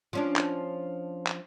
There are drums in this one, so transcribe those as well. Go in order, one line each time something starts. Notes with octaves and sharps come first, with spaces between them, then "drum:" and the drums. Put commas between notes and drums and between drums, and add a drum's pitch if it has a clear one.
F3 C#4 D4
drum: clap
drum: clap